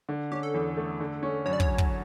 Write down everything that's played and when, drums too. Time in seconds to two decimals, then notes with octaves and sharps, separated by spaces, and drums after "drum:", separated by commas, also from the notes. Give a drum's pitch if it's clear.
0.09 D3
0.32 C#4 G4
0.43 A4
0.54 E2
0.77 A3
1.00 D3
1.23 C#4
1.46 F#2 C#5
1.53 D5
1.60 C#5, drum: kick
1.68 F#3
1.78 drum: kick